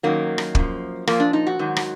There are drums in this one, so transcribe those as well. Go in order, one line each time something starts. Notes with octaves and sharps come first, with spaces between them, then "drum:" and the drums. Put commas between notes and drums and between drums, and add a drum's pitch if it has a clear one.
F#2 D#3 F#3 A#3
drum: rim click
F#2 F3, drum: kick
A#2 F3 A#3, drum: rim click
D4
D#4
F#4
G#2 D#3 F#3
drum: rim click